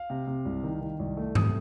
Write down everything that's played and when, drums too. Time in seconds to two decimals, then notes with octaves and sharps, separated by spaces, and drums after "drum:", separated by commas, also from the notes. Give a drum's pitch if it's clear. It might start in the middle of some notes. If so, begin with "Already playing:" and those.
Already playing: F5
0.10 C3
0.27 C3
0.45 C2
0.63 D#3
0.81 D#3
0.99 C2
1.17 A3
1.35 C3 D#6, drum: tom G#2